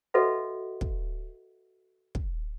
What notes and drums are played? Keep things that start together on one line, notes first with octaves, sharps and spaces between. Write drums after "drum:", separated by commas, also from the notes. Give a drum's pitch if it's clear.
F#4 A4 B4 D#5 E5 F#5
drum: kick
drum: kick